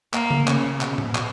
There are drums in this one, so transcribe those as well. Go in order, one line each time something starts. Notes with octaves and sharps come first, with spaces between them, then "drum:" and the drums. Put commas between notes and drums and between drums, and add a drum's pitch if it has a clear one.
A#3, drum: clap
drum: tom C#3
C#3, drum: clap
B2, drum: clap
drum: tom A2
drum: clap